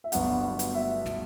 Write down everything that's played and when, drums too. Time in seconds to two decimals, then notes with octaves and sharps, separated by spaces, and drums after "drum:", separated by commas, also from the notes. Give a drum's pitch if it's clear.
0.04 E5
0.12 G1 G2 F#3 B3 F#4 F#5, drum: hi-hat
0.43 F#5
0.59 drum: hi-hat
0.75 E5
1.06 drum: snare